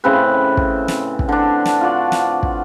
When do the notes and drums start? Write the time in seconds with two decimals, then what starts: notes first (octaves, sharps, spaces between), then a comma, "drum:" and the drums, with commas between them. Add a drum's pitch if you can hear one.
0.04 A2 C#3 C4 B4
0.57 drum: kick
0.88 drum: snare
1.19 drum: kick
1.29 D3 D4
1.65 drum: snare
1.81 F4 F#4 D5
2.12 drum: snare
2.43 drum: kick